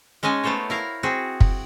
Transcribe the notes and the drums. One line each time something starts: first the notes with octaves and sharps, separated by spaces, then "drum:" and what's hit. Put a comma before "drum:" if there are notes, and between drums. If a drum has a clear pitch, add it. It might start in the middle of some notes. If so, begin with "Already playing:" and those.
G#3 C#4 D#4 G#5 A5
A3 B3 A4 C5 C#5
E4 A#4 F5
C4 F#4 G#4
drum: kick